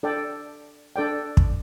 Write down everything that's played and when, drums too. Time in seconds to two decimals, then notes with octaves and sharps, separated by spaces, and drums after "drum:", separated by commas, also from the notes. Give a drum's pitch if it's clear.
0.03 D4 A4 D5 G5
0.96 D4 A4 D5 G5
1.37 drum: kick